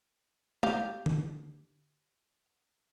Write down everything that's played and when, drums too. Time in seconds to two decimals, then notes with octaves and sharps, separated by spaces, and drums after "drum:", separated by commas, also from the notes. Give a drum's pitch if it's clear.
0.63 G4 F5, drum: tom
1.06 drum: tom D3